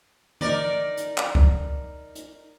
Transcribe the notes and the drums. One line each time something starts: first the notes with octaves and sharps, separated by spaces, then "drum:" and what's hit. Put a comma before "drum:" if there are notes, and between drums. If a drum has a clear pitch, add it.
D#4 A#4 D5, drum: tom
drum: hi-hat
drum: clap
drum: kick C#2
drum: hi-hat